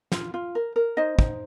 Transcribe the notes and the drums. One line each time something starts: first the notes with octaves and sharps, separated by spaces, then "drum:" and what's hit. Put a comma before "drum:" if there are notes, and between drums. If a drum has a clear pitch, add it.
F4, drum: snare
F4
A#4
A#4
D#4 C5 D#5
D#4, drum: kick